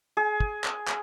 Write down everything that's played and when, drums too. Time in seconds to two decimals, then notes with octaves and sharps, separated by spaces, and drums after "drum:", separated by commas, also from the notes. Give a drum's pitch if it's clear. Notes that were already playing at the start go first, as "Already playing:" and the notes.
0.17 G#4
0.40 drum: kick
0.64 drum: clap
0.88 drum: clap